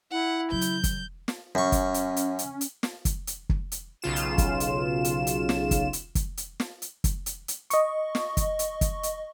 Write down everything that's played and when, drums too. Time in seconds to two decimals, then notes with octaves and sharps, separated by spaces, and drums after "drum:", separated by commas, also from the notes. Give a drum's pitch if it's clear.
0.11 E4 F#5
0.52 C#3 F#3 G6
0.61 drum: hi-hat
0.84 drum: kick, hi-hat
1.28 drum: snare
1.55 F#2 C#4 C#6
1.72 drum: kick, hi-hat
1.94 drum: hi-hat
2.16 drum: hi-hat
2.39 drum: hi-hat
2.61 drum: hi-hat
2.83 drum: snare
3.05 drum: kick, hi-hat
3.27 drum: hi-hat
3.49 drum: kick
3.72 drum: hi-hat
4.02 B1 C#3 F4 E7
4.16 drum: hi-hat
4.38 drum: kick, hi-hat
4.60 drum: hi-hat
5.05 drum: hi-hat
5.27 drum: hi-hat
5.49 drum: snare
5.71 drum: kick, hi-hat
5.93 drum: hi-hat
6.15 drum: kick, hi-hat
6.37 drum: hi-hat
6.60 drum: snare
6.82 drum: hi-hat
7.04 drum: kick, hi-hat
7.26 drum: hi-hat
7.48 drum: hi-hat
7.70 D#5 C#6, drum: hi-hat
8.15 drum: snare
8.37 drum: kick, hi-hat
8.59 drum: hi-hat
8.81 drum: kick, hi-hat
9.03 drum: hi-hat